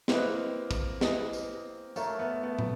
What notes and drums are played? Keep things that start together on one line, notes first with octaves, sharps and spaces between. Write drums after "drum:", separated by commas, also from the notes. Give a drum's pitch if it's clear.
A#3 C4 E4 G#4 B4 D#5, drum: snare
drum: kick, tambourine
E4 G#4 B4 D#5, drum: snare
drum: tambourine
A3 A#4 C#5 F5, drum: tambourine
A3 B3
A3 B3
drum: tom